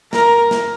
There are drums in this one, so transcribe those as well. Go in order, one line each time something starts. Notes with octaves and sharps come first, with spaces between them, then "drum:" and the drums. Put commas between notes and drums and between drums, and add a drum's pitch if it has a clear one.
A#4, drum: snare
drum: snare